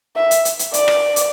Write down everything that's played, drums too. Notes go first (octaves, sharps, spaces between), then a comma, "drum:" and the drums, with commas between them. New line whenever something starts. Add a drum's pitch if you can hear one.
E5
drum: hi-hat
drum: hi-hat
drum: hi-hat
D5, drum: hi-hat
drum: rim click
drum: hi-hat